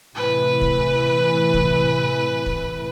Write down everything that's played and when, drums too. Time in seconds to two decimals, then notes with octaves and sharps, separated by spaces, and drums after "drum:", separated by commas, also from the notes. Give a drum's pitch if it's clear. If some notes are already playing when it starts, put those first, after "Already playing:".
0.15 A2 C3 E3 B4
0.61 drum: kick
1.54 drum: kick
2.46 drum: kick